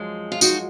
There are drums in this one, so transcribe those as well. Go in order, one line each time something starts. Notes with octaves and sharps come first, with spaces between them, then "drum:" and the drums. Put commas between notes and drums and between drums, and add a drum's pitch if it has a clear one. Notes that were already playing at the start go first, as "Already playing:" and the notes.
Already playing: F#2 F3 G#3
F4
D#4 F#4, drum: tambourine